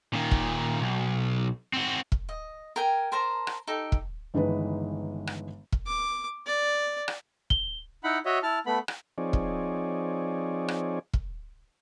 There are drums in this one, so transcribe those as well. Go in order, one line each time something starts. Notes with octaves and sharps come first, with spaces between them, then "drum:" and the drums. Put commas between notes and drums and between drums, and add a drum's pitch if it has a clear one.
A#2 D#3
drum: kick
B1
C4 F#4
drum: kick
D#5
A#4 G5 G#5
A#4 C5 A5 A#5
drum: rim click
D#4 G4 A4
drum: kick
G1 D#3 E3 G#3 B4
drum: rim click
drum: kick
D6
D5
drum: rim click
G7, drum: kick
D#4 E4 F#5 B5
F#4 C#5 D#5 E5
E4 A5 F6
A3 B3 B5
drum: rim click
F3 C4 D#4 G#4 C#5 D5
drum: kick
drum: rim click
drum: kick